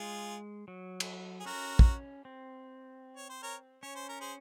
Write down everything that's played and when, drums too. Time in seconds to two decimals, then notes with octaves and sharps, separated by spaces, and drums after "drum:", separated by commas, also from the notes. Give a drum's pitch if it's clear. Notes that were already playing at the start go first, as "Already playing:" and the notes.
Already playing: G#3 F4 G#4
0.68 F#3
1.00 drum: cymbal
1.40 G#4
1.46 C#4 F#4 A#4
1.79 drum: kick
2.25 C4
3.17 C#5
3.29 C5
3.43 A#4 C#5
3.83 C#4 C#5
3.95 C5
4.09 A#4
4.21 G#4 C5